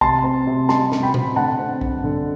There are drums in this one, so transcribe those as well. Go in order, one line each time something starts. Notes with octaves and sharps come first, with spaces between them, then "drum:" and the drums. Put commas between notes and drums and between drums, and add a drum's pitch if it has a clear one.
C3 A5 C6, drum: kick
C4
C3
G3 A5 C6, drum: snare
C3, drum: snare
G5 B5
C4, drum: tom A#2
D3 F#5 A5
C4
G2, drum: kick
D3